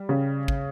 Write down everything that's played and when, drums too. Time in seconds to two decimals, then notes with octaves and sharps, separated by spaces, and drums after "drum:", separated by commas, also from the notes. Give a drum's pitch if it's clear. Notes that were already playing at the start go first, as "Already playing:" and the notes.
Already playing: G3
0.09 C#3
0.48 drum: kick